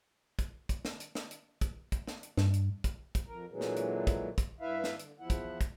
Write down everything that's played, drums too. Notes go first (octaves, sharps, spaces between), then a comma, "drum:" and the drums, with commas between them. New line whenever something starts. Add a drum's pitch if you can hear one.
drum: kick, hi-hat
drum: kick, hi-hat
drum: snare
drum: hi-hat
drum: snare
drum: hi-hat
drum: kick, hi-hat
drum: kick, hi-hat
drum: snare
drum: hi-hat
G2, drum: snare
drum: hi-hat
drum: kick, hi-hat
drum: kick, hi-hat
F2 A#4
A#2 D3 E3 F#3 G#3
drum: snare
drum: hi-hat
drum: kick, hi-hat
drum: kick, hi-hat
G2 E4 B4 E5 F5
drum: snare
D3, drum: hi-hat
E2 F3 E4 F#5
drum: kick, hi-hat
drum: kick, hi-hat